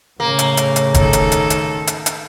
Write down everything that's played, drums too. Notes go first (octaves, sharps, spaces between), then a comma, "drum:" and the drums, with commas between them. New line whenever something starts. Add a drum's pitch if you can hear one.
A2 C#3 A#3
drum: hi-hat
drum: hi-hat
drum: hi-hat
D#3 A4, drum: kick F1, hi-hat
drum: hi-hat
drum: hi-hat
drum: hi-hat
drum: hi-hat
drum: hi-hat